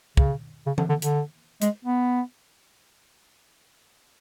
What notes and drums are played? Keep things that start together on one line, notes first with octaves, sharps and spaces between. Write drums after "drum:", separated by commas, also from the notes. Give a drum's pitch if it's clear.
C#3, drum: kick
C#3
D3, drum: tom E3
D3
D3, drum: hi-hat
G#3, drum: hi-hat
B3